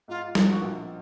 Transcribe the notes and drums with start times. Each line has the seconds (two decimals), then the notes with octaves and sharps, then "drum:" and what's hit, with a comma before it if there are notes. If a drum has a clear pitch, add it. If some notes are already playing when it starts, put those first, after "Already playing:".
0.08 G#2 F4
0.35 F3, drum: snare
0.48 F#4
0.62 A#1